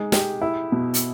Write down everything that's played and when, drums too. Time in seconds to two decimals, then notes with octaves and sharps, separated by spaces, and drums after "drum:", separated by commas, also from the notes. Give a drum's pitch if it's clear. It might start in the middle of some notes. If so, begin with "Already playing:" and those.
Already playing: G#3 D#4
0.12 G4, drum: snare
0.41 E4
0.72 B2
0.94 drum: hi-hat